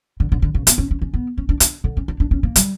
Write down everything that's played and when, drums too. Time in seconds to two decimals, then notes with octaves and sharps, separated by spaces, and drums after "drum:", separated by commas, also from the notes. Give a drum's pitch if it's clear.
0.20 D3
0.32 D3
0.42 D3
0.55 C#3
0.67 B3, drum: hi-hat
0.78 C#4
0.91 C#4
1.02 C#4
1.14 B3
1.38 C#4
1.49 D4
1.60 D4, drum: hi-hat
1.84 D3
1.97 C#4
2.08 D4
2.20 D4
2.31 C#4
2.43 A#3
2.56 G3, drum: hi-hat